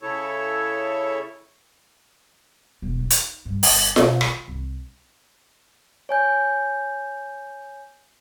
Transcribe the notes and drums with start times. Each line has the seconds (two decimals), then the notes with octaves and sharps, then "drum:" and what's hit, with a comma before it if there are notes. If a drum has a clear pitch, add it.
0.02 C#3 E4 A4 C#5
2.82 E1
2.99 D#4
3.10 drum: hi-hat
3.45 G2
3.63 G1, drum: open hi-hat
3.96 B2, drum: snare F4
4.21 E3, drum: rim click
4.48 C2
6.09 C#5 G#5 G6